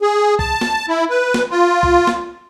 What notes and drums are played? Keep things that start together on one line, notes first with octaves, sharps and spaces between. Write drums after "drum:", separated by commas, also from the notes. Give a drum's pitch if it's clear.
G#4
A5, drum: kick
drum: snare
E4
B4
drum: snare
F4
drum: kick
drum: snare